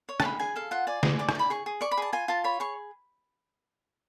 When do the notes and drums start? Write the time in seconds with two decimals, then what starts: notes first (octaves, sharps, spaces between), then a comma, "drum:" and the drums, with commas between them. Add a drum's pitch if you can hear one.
0.09 C#5
0.20 A5, drum: rim click
0.24 G#4 B5
0.39 G#4 G#5
0.56 A4 F5
0.71 F4 F#5
0.87 D5 G#5
1.03 G#4, drum: snare
1.19 D5 D6
1.29 C#6, drum: rim click
1.35 D5 B5
1.50 G#4 C#6
1.66 G#4
1.81 D5 C#6
1.91 B5
1.98 G#4 A5
2.13 F4 G#5
2.28 F4 A5
2.44 C#5 B5
2.60 G#4 C#6